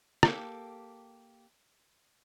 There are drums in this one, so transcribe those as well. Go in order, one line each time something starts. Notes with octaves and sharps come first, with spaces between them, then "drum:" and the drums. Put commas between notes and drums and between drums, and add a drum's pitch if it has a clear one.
A#3 G4 A4, drum: rim click